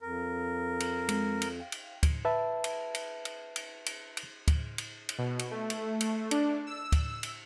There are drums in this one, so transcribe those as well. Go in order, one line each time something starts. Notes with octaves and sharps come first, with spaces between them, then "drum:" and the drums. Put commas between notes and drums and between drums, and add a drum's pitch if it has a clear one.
F2 A#4
drum: cymbal
G#3 C4, drum: cymbal
drum: cymbal
F5 G5
drum: cymbal
drum: kick D2, cymbal
B4 E5 A5
drum: cymbal
drum: cymbal
drum: cymbal
drum: cymbal
drum: cymbal
drum: cymbal
drum: kick D2, cymbal
drum: cymbal
drum: cymbal
B2
drum: cymbal
A3
drum: cymbal
drum: cymbal
D4, drum: cymbal
E6
drum: kick D2, cymbal
drum: cymbal